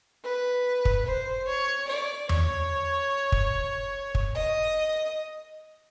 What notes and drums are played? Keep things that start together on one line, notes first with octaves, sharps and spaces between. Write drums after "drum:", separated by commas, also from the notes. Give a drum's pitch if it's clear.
B4
drum: kick
C5
C#5
D5
C#5, drum: tom E2
drum: kick
drum: kick
D#5